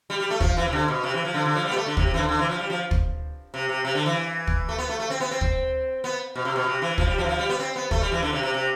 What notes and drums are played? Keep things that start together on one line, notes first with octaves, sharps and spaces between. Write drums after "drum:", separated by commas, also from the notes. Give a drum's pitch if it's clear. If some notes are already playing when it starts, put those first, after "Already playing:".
G3
G3
A3
F3, drum: kick
E3
C3
D3
B2
C3
E3
F3
D3
D3
F3
G3
B3
A3
D3
C3, drum: kick
C3
E3
D3
D3
E3
F3
G3
F3
drum: kick
C3
C3
C3
D3
E3
drum: kick
A3
B3
A3
A3
C4
B3
C4
drum: kick
B3
B2
C3
B2
C3
E3
F3, drum: kick
G3
F3
E3
F3
G3
B3
C4
B3
A3, drum: kick
G3
E3
D3
C3
C3
C3